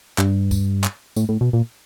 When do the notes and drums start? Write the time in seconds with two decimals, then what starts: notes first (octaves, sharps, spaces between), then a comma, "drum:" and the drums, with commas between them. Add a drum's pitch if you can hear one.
0.18 G2, drum: clap
0.51 drum: kick, tambourine
0.84 drum: clap
1.16 A2, drum: tambourine
1.29 A2
1.41 B2
1.53 A#2